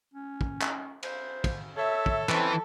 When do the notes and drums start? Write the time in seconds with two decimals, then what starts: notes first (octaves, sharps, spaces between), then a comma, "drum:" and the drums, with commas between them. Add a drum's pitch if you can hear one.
0.13 C#4
0.41 drum: kick
0.61 drum: clap
1.03 C5, drum: cymbal
1.44 drum: kick, cymbal
1.77 A4 C#5 E5
2.06 drum: kick
2.29 E3 C4 C#4 B4 A5, drum: clap